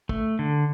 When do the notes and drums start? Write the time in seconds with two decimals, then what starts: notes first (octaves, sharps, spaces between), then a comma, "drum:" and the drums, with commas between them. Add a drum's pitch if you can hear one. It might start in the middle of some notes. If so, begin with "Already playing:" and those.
0.09 A3, drum: kick
0.39 D3